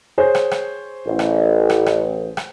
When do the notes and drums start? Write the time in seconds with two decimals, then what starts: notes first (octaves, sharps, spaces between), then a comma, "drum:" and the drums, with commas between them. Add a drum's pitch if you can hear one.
0.18 G#4 C5 C#5
0.35 drum: rim click
0.51 drum: rim click
1.07 A1
1.19 drum: rim click
1.70 drum: rim click
1.86 drum: rim click
2.37 drum: rim click